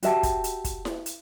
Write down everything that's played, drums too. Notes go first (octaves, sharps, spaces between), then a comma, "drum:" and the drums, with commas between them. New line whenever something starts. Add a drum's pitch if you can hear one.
F#4 G4 E5 A5, drum: hi-hat
drum: kick, hi-hat
drum: hi-hat
drum: kick, hi-hat
drum: snare E4
drum: hi-hat